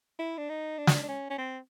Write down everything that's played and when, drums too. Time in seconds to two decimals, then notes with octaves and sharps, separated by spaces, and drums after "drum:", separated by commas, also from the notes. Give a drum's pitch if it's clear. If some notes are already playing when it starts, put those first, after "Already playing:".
0.19 E4
0.38 D4
0.49 D#4
0.78 D4
0.87 drum: snare
1.03 D4
1.08 C#4
1.30 C#4
1.38 C4